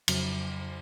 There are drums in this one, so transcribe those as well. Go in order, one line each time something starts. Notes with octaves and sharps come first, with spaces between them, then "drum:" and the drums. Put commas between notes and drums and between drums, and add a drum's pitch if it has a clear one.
F2 C#3 F#3, drum: cymbal